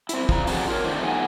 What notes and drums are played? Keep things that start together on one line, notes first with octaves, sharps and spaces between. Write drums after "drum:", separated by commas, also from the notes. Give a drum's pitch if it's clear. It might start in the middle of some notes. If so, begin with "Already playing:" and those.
C4 E4, drum: hi-hat
F3 A#5, drum: kick
C4 D4 F#4 G#4 A4, drum: open hi-hat
F4 A#4 C#5
D#3 F3 A3 C4 D4
B3 D#4 G#4 A#4 F#5 G#5